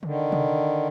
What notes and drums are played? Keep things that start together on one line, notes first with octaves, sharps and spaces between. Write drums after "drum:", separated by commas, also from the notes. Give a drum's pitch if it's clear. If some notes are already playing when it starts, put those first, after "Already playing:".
D3 D#3, drum: tom C#3
drum: tom C3